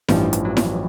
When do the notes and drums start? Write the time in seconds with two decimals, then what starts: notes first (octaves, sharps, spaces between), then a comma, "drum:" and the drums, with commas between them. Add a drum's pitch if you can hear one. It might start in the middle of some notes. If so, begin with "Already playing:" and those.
0.08 A1 G2 E3 F3 G3, drum: snare E4
0.33 drum: hi-hat
0.45 F#3
0.57 drum: snare E4